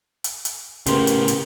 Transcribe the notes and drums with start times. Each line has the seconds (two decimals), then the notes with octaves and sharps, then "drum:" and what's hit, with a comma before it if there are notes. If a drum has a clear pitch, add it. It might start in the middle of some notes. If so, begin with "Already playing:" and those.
0.24 drum: hi-hat
0.45 drum: hi-hat
0.86 A2 C#3 B3 G4 A#4 C6, drum: hi-hat
1.07 drum: hi-hat
1.28 drum: hi-hat